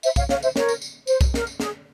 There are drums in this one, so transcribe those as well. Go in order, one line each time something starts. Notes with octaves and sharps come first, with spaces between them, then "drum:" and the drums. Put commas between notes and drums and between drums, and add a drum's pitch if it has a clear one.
C5 E5, drum: tambourine
C#5 F5, drum: kick B1, tambourine
C#5 F5, drum: snare
C5 E5, drum: tambourine
A#4 C#5, drum: snare
drum: tambourine
drum: tambourine
C5, drum: tambourine
drum: kick B1, tambourine
A#4, drum: snare
drum: tambourine
G#4, drum: snare